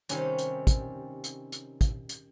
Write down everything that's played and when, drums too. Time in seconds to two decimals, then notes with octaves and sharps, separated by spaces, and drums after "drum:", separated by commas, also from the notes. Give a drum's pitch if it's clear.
0.09 C3 D#3 G3 C#4 C#5, drum: hi-hat
0.39 drum: hi-hat
0.67 drum: kick, hi-hat
1.24 drum: hi-hat
1.52 drum: hi-hat
1.81 drum: kick, hi-hat
2.09 drum: hi-hat